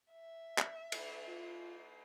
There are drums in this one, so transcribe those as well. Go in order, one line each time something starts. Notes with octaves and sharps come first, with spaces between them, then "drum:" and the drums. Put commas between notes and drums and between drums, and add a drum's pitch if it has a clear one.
E5
drum: clap
drum: cymbal
F4